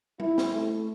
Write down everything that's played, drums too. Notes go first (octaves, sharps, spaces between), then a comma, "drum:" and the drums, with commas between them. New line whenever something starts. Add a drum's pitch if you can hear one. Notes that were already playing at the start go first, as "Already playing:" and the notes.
E4, drum: tom G3
drum: snare
A3